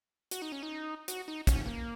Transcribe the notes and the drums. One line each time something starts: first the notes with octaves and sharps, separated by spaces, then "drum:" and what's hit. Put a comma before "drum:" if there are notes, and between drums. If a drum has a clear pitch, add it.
F#4, drum: hi-hat
D#4
C#4
D#4
F#4, drum: hi-hat
D#4
C#4, drum: kick, hi-hat
A#3